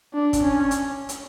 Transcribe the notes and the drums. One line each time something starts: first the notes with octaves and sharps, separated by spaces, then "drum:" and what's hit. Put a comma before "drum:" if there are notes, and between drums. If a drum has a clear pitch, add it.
D4
drum: kick, hi-hat
C#4
drum: hi-hat
drum: hi-hat